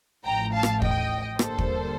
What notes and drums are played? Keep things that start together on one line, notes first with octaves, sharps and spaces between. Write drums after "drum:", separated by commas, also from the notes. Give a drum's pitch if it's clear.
A1 A2 F3 G5 A#5
F5 A5
drum: rim click
D#5 G5, drum: kick
G2 D3 G3 A#3 A4 C5, drum: rim click
drum: kick